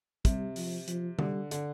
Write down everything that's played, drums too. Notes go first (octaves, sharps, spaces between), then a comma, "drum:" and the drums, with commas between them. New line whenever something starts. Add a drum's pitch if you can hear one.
C3 G3, drum: kick, hi-hat
F3, drum: open hi-hat
F3, drum: hi-hat
D3 G3, drum: tom D3
D3, drum: hi-hat